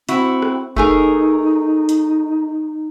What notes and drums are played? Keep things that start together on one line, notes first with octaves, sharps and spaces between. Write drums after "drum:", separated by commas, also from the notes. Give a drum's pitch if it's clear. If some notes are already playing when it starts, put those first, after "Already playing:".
C4 E4 F#4, drum: hi-hat
drum: rim click
A3 D#4 G#4 A#4, drum: kick F1
drum: hi-hat